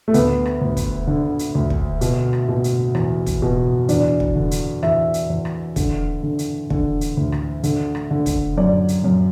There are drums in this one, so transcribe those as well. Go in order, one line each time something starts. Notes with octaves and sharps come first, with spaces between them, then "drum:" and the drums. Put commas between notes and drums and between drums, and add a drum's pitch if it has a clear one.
A3
D2 B3, drum: hi-hat
drum: rim click
D2
drum: kick, hi-hat
D3
drum: hi-hat
D2
drum: kick
B2, drum: hi-hat
drum: rim click
B2
drum: hi-hat
E2, drum: rim click
drum: kick, hi-hat
B2
E2 D4, drum: hi-hat
drum: kick
D3
drum: hi-hat
E2 E5, drum: rim click
drum: hi-hat
E2
drum: rim click
D3, drum: kick, hi-hat
D3
drum: hi-hat
D3, drum: kick
drum: hi-hat
D2
drum: rim click
D3, drum: hi-hat
drum: rim click
D3
drum: kick, hi-hat
F#2 D5
drum: hi-hat
F#2